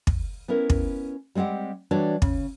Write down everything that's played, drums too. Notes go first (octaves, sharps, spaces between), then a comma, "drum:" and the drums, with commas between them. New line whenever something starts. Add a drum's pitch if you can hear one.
drum: kick
B3 C#4 E4 A#4
drum: kick
G3 G#3 C4 G4 F#5
E3 G3 D4 F#4 C#5 D5
C#3, drum: kick